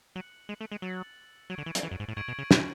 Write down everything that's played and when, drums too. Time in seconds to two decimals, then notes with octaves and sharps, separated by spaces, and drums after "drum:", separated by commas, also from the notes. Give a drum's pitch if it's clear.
0.16 F#3 F#6 C#7 F#7
0.49 G#3
0.61 A3
0.71 G#3
0.82 F#3 E6 A6 C#7 F#7
1.50 F#3 C#6 G#6 D7
1.58 D3
1.66 E3
1.75 F#3, drum: hi-hat
1.83 E3
1.91 F#2
2.00 G#2
2.08 A2
2.17 G#2 C#6 G#6 D7 F#7
2.28 B2
2.39 C#3
2.51 B2, drum: snare